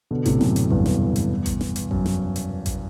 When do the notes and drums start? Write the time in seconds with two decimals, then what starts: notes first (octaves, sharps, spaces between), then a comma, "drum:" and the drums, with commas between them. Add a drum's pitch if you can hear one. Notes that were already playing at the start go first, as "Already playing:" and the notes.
0.11 B2 D3
0.26 A2 C3, drum: kick A1, hi-hat
0.41 F#2 A2, drum: snare
0.56 F#2, drum: hi-hat
0.71 E2 G2, drum: kick A1
0.86 drum: snare
1.16 drum: hi-hat
1.46 drum: kick A1, hi-hat
1.61 drum: snare
1.76 drum: hi-hat
1.91 F#2, drum: kick A1
2.06 drum: snare
2.36 drum: hi-hat
2.66 drum: kick A1, hi-hat